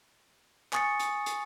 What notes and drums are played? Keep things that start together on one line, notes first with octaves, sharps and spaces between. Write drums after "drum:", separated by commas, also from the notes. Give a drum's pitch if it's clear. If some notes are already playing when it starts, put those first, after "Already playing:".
G#5 C#6 D#6 A6 C#7, drum: clap
drum: hi-hat
drum: hi-hat